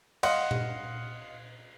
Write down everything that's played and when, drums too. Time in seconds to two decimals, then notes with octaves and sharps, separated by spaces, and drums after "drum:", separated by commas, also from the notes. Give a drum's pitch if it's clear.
0.23 D#5 F5 F#5 C6 F#6, drum: cymbal
0.51 drum: tom A#2